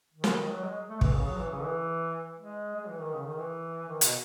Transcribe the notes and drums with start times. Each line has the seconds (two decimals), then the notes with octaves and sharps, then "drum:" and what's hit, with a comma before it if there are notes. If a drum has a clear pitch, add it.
0.14 D#3
0.24 drum: snare
0.51 F#3
0.64 G#3
0.89 A3
1.01 E3, drum: kick
1.14 C#3
1.27 F#3
1.39 E3
1.51 C#3
1.63 E3
2.39 G#3
2.76 G#3
2.89 E3
3.01 D#3
3.14 C#3
3.26 D#3
3.39 E3
3.88 D#3
4.01 B2, drum: hi-hat